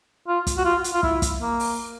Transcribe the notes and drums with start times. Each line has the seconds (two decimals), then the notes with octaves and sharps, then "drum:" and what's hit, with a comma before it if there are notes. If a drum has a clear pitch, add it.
0.28 F4
0.47 drum: kick, hi-hat
0.58 F#4
0.65 F4
0.84 drum: hi-hat
0.93 F4
1.03 E4, drum: kick
1.22 drum: kick, hi-hat
1.41 A#3
1.60 drum: open hi-hat